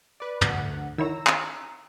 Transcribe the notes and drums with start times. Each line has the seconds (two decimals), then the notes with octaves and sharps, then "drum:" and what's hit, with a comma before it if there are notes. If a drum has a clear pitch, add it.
0.20 B4 D5
0.41 D2 D3 F#5, drum: tom
0.98 D#3 E4 C#5 A#5 E6
1.27 drum: clap